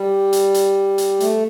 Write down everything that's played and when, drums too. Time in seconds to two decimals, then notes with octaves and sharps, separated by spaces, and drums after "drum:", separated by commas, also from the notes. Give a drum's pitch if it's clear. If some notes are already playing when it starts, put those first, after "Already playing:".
Already playing: G3
0.33 drum: hi-hat
0.54 drum: hi-hat
0.98 drum: hi-hat
1.20 A3, drum: hi-hat